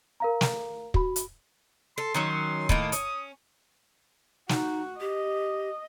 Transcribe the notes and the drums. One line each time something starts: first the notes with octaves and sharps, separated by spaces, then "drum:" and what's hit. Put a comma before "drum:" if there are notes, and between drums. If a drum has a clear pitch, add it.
A#4 F5 A#5
drum: snare
F#4 B5, drum: kick
drum: hi-hat
A4 C6
D#3 F#3 C#4
A2 D#3 A#3, drum: kick
C#4 D#6, drum: hi-hat
D#4 F#4, drum: snare
G4 D#5